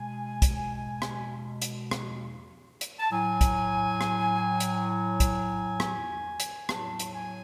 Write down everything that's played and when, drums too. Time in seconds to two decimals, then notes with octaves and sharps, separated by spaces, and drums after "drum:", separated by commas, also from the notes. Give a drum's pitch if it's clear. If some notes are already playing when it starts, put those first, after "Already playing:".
Already playing: B2 G#3 G#5
0.42 drum: kick, hi-hat
1.02 drum: rim click
1.62 drum: hi-hat
1.91 drum: rim click
2.81 drum: hi-hat
3.00 A5
3.11 A2 F#3 G#5
3.41 drum: kick, hi-hat
4.01 drum: rim click
4.60 drum: hi-hat
4.90 G#5
5.20 drum: kick, hi-hat
5.80 drum: rim click
6.40 drum: hi-hat
6.69 A2 F#3 A5, drum: rim click
6.99 drum: hi-hat
7.15 G#5